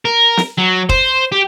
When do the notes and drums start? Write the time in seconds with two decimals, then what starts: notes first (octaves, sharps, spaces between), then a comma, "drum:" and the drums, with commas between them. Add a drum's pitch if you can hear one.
0.05 A#4
0.37 drum: snare
0.58 F#3
0.89 C5, drum: kick
1.32 G4